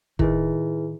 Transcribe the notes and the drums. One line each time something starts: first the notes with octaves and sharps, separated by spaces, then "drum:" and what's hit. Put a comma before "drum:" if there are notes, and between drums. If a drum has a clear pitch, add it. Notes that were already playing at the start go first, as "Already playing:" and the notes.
A2 D#3 E4 G#4 B4, drum: kick